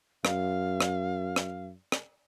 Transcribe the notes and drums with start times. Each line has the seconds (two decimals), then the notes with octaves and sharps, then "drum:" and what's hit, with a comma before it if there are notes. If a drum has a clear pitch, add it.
0.25 F#2 F5, drum: rim click
0.80 drum: rim click
1.36 drum: rim click
1.92 drum: rim click